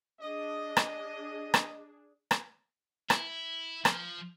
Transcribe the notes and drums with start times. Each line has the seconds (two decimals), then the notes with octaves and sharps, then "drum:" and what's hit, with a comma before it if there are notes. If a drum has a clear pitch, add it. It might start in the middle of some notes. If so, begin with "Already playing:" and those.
0.21 D4 G#4 D#5
0.77 drum: rim click
1.54 drum: rim click
2.31 drum: rim click
3.10 E4, drum: rim click
3.85 F3, drum: rim click